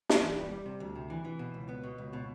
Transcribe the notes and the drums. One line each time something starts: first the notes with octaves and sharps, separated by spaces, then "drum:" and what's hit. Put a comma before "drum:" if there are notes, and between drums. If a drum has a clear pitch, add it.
drum: snare
E3
G3
G3
C3
D2
C3
E3
E3
B2
C#2
B3
B2
C#2
B2